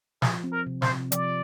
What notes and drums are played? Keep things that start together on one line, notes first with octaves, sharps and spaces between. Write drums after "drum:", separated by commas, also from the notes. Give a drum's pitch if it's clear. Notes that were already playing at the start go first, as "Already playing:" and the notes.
F3 G#4, drum: snare
C4
A#4
C3
C5, drum: snare
C3
F3 D5, drum: hi-hat